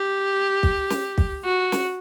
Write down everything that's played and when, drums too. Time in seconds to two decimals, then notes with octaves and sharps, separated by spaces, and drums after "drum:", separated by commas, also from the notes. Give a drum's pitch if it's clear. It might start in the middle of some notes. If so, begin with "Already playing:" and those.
Already playing: G4
0.63 drum: kick
0.90 drum: snare
1.18 drum: kick
1.44 F#4
1.72 drum: snare